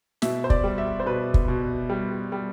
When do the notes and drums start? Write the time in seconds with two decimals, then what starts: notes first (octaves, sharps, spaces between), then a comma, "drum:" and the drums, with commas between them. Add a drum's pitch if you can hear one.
0.22 B2 E5, drum: snare
0.44 C5
0.50 D5, drum: kick
0.64 G3
0.78 E5
1.00 C5
1.06 B2 B4
1.34 drum: kick
1.48 B2
1.90 G3
2.32 G3